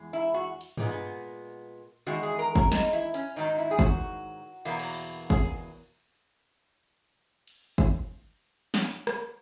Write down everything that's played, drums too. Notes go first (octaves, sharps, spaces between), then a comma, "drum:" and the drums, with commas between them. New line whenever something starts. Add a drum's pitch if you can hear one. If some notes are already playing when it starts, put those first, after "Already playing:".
Already playing: E2 G#3
E4
F#4
drum: cymbal
A#2 G#3 B3, drum: tom G2
E2 D#3 G#3 F#4
G#4
A#4
A#4, drum: kick
D#4, drum: snare
E4, drum: hi-hat
C#4, drum: hi-hat
G#2 D#3 F#3 D#4
E4
G#4
F#4, drum: kick
E2 B2 F#3 A#3
drum: cymbal
G#4, drum: kick
drum: cymbal
drum: kick
drum: snare
drum: rim click